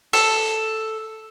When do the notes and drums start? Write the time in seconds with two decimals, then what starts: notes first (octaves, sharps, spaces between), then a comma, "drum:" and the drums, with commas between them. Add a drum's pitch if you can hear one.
0.13 A4, drum: open hi-hat